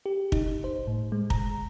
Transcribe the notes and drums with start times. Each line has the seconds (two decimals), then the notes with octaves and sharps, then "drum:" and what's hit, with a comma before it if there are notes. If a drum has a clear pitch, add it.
0.06 G4
0.32 D#4, drum: kick
0.64 C5
0.87 A2
1.12 G#3
1.30 A#5, drum: kick